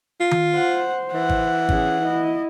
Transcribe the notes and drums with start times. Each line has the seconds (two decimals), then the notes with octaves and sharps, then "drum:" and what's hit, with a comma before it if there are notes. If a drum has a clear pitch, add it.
0.20 F4
0.31 drum: tom D#3
0.55 C5 F#5
1.14 E3 F#5
1.29 drum: kick G#1
1.69 C#4 G#4, drum: kick G#1
2.03 E4 D#5